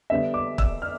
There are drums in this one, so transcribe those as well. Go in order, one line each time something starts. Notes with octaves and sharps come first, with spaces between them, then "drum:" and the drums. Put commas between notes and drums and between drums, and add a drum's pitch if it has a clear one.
D3 G3 B3 D4 E5
D6
E6, drum: kick
F6